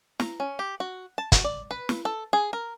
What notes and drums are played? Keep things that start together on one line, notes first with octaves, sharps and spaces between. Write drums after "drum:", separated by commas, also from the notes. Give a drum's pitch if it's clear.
A#5, drum: snare
C#4
G4
F#4
A5
F#4, drum: kick, hi-hat
D5
B4
drum: snare
A4
G#4
A#4